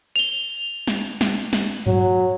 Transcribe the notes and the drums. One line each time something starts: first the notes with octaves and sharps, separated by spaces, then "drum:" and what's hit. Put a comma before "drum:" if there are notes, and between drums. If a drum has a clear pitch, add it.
F7 G7, drum: cymbal
drum: snare
drum: snare
drum: snare
F#3, drum: tom G2